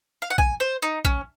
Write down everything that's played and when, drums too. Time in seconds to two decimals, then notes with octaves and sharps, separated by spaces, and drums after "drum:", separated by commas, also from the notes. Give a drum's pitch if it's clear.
0.22 F5
0.30 F#5
0.38 G#5, drum: kick
0.60 C5
0.82 D#4
1.05 C#4, drum: kick